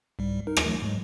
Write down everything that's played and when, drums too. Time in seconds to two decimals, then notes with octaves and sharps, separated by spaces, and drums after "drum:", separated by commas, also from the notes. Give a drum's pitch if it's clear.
0.19 C2 G#2 G3
0.47 D#4 A#4
0.57 drum: rim click
0.66 E3 F#3 A3
0.82 G#2 F#3 G#3